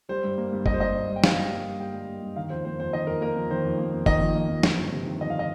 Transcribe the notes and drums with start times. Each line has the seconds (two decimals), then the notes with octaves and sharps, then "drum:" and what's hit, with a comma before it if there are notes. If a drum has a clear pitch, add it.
0.09 G3 C5
0.24 G2
0.38 A#3
0.52 G2
0.66 G3 D#5, drum: kick
0.74 C5
0.80 G2 D#5
0.94 A#3
1.08 G2
1.16 G5
1.24 G3 F5, drum: snare
1.37 G2
1.52 A#3
1.66 G2
1.79 G3 G5
1.94 G2
2.08 A#3
2.22 G2
2.36 D#3 F5
2.50 F2 C5
2.65 A#3 C5
2.79 F2 C5
2.93 D#3 D#5
3.07 F2 A#4
3.21 A#3 A#4
3.36 F2
3.51 D#3 C5
3.65 F2
3.78 A#3
3.93 F2
4.06 D#3 D#5, drum: kick
4.20 F2
4.35 A#3
4.49 F2
4.63 F2, drum: snare
4.78 G1
4.92 C3
5.06 D#3
5.21 F2 D#5
5.30 F5
5.39 D#5